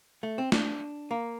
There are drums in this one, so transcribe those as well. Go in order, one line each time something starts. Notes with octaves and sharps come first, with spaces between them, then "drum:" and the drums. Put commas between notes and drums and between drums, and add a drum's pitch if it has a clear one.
A3
C4
D4, drum: snare
A#3